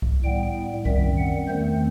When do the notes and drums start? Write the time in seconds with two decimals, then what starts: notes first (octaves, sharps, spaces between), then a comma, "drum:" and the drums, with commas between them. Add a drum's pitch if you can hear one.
0.02 drum: kick C2
0.23 A2 G3 B3 G5
0.85 F#2 D#3 G3 C4 E5, drum: kick C2
1.17 F#5
1.48 E2 D#3 A3 C4 C5